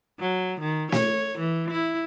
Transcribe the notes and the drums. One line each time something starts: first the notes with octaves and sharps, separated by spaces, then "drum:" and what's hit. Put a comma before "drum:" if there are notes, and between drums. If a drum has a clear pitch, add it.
F#3
D#3
C#5, drum: snare
E3
E4